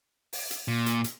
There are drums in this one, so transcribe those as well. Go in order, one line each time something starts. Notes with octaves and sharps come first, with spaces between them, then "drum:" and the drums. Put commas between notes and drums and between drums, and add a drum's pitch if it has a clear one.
drum: open hi-hat
drum: hi-hat
A#2
drum: hi-hat
drum: hi-hat